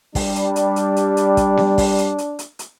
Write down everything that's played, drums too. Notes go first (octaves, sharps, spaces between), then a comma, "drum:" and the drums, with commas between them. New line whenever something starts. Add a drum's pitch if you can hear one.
G3 D4, drum: kick, open hi-hat
drum: hi-hat
drum: hi-hat
drum: hi-hat
drum: hi-hat
drum: hi-hat
drum: kick, hi-hat
drum: snare B3
drum: kick, open hi-hat
drum: hi-hat
drum: hi-hat
drum: hi-hat
drum: hi-hat